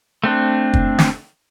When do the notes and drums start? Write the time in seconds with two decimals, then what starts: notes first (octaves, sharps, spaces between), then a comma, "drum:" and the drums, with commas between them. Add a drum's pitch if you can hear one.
0.24 A3 C4 D4
0.74 drum: kick
0.99 drum: snare